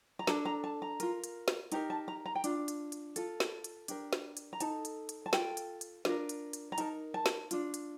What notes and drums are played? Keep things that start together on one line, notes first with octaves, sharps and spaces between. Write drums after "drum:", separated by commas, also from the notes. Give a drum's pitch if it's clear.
A#5
D4 A4 A5, drum: snare
A#5
A5
A#5
F4 A#4, drum: hi-hat
drum: hi-hat
drum: snare
D#4 G4 A#4 A#5, drum: hi-hat
A5
A#5
A#5
G5
D4 F4, drum: hi-hat
drum: hi-hat
drum: hi-hat
F4 A4, drum: hi-hat
drum: snare
drum: hi-hat
D4 G4 A#4, drum: hi-hat
drum: snare
drum: hi-hat
A#5
D#4 A4 A5, drum: hi-hat
drum: hi-hat
drum: hi-hat
A5
F4 A4 G5, drum: snare
drum: hi-hat
drum: hi-hat
D4 F4 A#4, drum: snare
drum: hi-hat
drum: hi-hat
A#5
D#4 A#4 A5, drum: hi-hat
A5
drum: snare
D4 F4, drum: hi-hat
drum: hi-hat